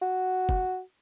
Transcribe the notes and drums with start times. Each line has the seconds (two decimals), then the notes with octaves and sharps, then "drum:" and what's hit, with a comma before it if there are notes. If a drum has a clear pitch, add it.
0.02 F#4
0.49 drum: kick